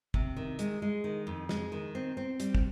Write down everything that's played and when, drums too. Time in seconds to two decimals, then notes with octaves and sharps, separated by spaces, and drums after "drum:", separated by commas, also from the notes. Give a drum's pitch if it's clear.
0.14 C3, drum: kick
0.37 D#3
0.59 G#3, drum: hi-hat
0.82 G#3
1.04 D#3
1.27 F2
1.49 G#3, drum: snare
1.72 D#3
1.95 C4
2.17 C4
2.40 G3, drum: hi-hat
2.55 drum: kick